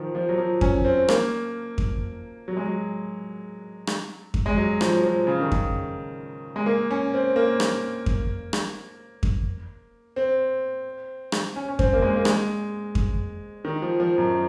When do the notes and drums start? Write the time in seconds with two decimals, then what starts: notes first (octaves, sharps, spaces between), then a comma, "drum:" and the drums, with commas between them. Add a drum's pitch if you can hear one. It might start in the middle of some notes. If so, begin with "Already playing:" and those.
Already playing: D#3 F3
0.15 F3
0.29 F#3
0.38 F3
0.61 C#4, drum: kick F2
0.85 C4
1.08 A#3, drum: rim click
1.78 drum: kick F2
2.48 F#3
2.57 G#3
2.66 F#3
3.87 drum: rim click
4.34 drum: kick F2
4.46 G#3
4.57 F#3
4.81 F3, drum: rim click
4.95 F#3
5.04 F3
5.27 C#3
5.40 D#3
5.52 C#3, drum: kick F2
6.56 G#3
6.66 A#3
6.91 C#4
7.14 C4
7.36 A#3
7.60 drum: rim click
8.06 drum: kick F2
8.53 drum: rim click
9.23 drum: kick F2
10.16 C4
11.32 drum: rim click
11.56 C#4
11.69 C#4
11.79 C4, drum: kick F2
11.93 A#3
12.02 G#3
12.16 A#3
12.25 G#3, drum: rim click
12.95 drum: kick F2
13.65 D#3
13.82 F3
14.00 F3
14.18 F#2